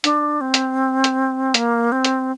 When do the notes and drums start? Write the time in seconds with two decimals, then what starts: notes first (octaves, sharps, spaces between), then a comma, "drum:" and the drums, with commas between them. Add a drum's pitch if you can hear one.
0.04 D4, drum: hi-hat
0.41 C4
0.54 drum: hi-hat
1.04 drum: hi-hat
1.54 A#3, drum: hi-hat
1.92 C4
2.05 drum: hi-hat